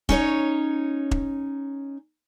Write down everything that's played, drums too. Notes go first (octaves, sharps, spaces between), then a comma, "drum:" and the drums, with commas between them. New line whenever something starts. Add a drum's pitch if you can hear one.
C#4 D#4 C#5, drum: kick E1
drum: kick E1